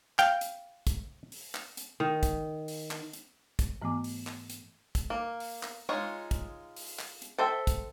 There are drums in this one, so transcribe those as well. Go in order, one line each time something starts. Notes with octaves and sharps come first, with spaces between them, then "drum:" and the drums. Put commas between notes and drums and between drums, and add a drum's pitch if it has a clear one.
F5 G5, drum: clap
drum: hi-hat
drum: kick, hi-hat
drum: open hi-hat
drum: clap
drum: hi-hat
D#3
drum: kick, hi-hat
drum: open hi-hat
drum: clap
drum: hi-hat
drum: kick, hi-hat
G#2 E3 A3 B3 G#5 D6
drum: open hi-hat
drum: clap
drum: hi-hat
drum: kick, hi-hat
A#3
drum: open hi-hat
drum: clap
G#3 D#4 F4 G#4 C#5
drum: kick, hi-hat
drum: open hi-hat
drum: clap
drum: hi-hat
A4 C5 E5 G5
drum: kick, hi-hat